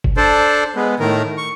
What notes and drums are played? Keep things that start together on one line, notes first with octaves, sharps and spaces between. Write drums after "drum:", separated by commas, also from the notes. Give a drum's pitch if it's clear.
drum: kick F#1
D4 A4 C5 D5
G#3 B3
A2 D#3 A#4
C#6